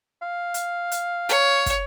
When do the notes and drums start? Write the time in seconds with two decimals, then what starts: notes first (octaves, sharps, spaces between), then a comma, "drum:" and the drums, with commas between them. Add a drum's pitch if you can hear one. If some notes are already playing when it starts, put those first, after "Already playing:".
0.22 F5
0.54 drum: hi-hat
0.92 drum: hi-hat
1.29 C#5, drum: hi-hat
1.66 drum: kick, hi-hat